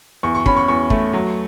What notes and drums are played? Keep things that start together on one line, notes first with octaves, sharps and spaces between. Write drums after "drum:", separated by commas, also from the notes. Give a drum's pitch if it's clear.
E2 C#6
C#6
C#4 B5, drum: kick
C#6
E2 C#6
A3, drum: kick
F#3